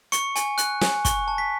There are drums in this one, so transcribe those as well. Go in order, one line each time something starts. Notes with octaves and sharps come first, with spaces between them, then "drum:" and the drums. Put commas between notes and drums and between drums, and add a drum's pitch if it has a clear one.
C#6 C#7, drum: hi-hat
G#5, drum: hi-hat
F#6, drum: hi-hat
G#5, drum: snare
C#6, drum: kick, hi-hat
A5
B6